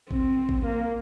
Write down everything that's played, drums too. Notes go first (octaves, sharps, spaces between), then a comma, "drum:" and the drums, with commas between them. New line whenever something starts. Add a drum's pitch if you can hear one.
C4, drum: kick A1
drum: kick A1
A#3